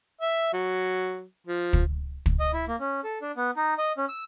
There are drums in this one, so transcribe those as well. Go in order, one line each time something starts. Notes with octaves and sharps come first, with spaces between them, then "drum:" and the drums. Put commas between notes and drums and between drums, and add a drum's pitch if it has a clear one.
E5
F#3
F3
drum: kick
drum: kick
D#5
E4
A#3
C#4
A4
D4
B3
D#4
D#5
C#4
E6